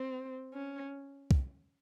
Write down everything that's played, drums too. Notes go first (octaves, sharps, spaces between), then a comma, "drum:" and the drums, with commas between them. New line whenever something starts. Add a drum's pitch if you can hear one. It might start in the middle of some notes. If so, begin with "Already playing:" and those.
Already playing: C4
C#4
drum: kick